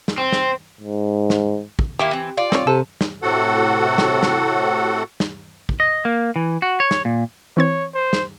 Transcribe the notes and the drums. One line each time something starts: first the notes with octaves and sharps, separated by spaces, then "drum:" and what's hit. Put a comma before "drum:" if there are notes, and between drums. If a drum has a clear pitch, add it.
drum: snare
C4
drum: snare
G#2
drum: snare
drum: kick
D#3 A#3 E4 G4
E3 C4
F4 D5
C4 C#5, drum: snare
C3 A4
drum: snare
A2 C3 F#4 A4 F#5
drum: snare
drum: snare
drum: snare
drum: kick
D#5
A#3
E3
F#4
C#5
drum: snare
A#2
E3 C4 C#5 G#6
C5
drum: snare